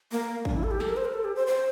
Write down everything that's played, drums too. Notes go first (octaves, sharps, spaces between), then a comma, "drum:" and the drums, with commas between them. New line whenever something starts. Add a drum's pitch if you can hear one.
A#3
D4, drum: kick
E4
A4
G4
A4, drum: snare
A#4
C5
A#4
A4
G4
C5
C5